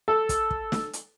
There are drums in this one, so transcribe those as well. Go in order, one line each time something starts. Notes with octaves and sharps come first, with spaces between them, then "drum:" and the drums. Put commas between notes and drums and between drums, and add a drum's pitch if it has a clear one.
A4
drum: kick, hi-hat
drum: kick
drum: snare
drum: hi-hat